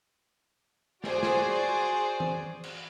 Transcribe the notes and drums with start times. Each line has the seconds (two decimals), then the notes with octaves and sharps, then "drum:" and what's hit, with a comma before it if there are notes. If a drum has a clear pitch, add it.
1.04 F#4 G#4 C5 D5, drum: snare
1.23 drum: snare
2.20 drum: tom E3
2.64 drum: cymbal